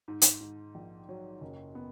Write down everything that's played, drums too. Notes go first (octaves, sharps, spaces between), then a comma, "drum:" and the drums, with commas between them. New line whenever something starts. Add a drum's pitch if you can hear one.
G#2
drum: hi-hat
G#2
A#1
F#3
F#1
B3